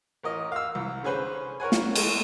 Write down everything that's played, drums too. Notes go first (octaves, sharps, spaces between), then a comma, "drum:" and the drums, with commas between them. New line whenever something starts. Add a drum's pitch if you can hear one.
A1 A#4 D#5
F5 E6
C2
D3 C#4 G#4 B4 C5
A#4 C#5 F#5 G#5
drum: snare
G#3 A3, drum: cymbal